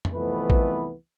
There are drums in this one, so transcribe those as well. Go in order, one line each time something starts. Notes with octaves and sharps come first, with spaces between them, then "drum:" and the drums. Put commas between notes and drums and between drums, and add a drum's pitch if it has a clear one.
drum: tom F2
C2 F2 E3 A3 B3 B4
drum: kick A1